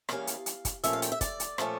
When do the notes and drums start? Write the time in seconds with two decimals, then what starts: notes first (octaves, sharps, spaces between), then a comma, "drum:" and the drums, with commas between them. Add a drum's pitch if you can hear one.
0.09 E2 E3 G3 A#3 C#4 F5, drum: rim click
0.27 drum: hi-hat
0.46 drum: hi-hat
0.65 drum: kick, hi-hat
0.84 A#2 F3 A3 C#4 E5, drum: hi-hat
0.93 F5
1.02 G5, drum: hi-hat
1.12 E5
1.21 D5, drum: kick, hi-hat
1.40 drum: hi-hat
1.58 A#2 F3 A3 C#4, drum: rim click